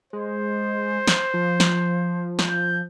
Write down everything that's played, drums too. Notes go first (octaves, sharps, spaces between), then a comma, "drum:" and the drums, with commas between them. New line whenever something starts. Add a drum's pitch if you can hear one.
G#3 C5
drum: snare
F3
drum: snare
drum: snare
G6